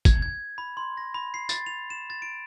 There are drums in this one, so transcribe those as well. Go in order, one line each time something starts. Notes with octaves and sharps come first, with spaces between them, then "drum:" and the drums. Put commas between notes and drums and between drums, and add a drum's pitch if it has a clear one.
G#6, drum: kick, tambourine
G#6
B5
C6
A#6
B5
C7
A6, drum: tambourine
F7
E7
A6
D7